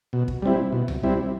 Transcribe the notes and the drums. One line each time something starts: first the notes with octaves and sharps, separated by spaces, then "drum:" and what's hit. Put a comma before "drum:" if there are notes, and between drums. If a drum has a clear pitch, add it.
B2
drum: kick
G3 C4 E4
B2
drum: tom C2
G3 C4 E4